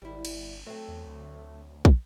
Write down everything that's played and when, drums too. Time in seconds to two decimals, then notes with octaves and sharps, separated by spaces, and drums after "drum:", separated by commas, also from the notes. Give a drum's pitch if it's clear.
0.02 G#1 G3 E4
0.25 G1, drum: cymbal
0.66 F#3 A3 C4
0.88 E2
1.07 D2
1.85 drum: kick